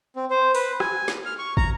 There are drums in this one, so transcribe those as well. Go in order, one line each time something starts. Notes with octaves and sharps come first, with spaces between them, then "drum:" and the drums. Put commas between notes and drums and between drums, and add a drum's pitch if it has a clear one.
C4
C5
B4, drum: open hi-hat
G#5, drum: rim click
drum: snare
F6
C#6
A#5, drum: kick